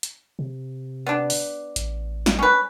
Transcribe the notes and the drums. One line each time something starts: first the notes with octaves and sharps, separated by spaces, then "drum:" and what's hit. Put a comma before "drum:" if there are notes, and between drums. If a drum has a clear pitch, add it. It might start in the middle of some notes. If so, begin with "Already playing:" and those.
drum: hi-hat
C3
B3 D4
drum: open hi-hat
A1, drum: hi-hat
drum: snare
C#4 B4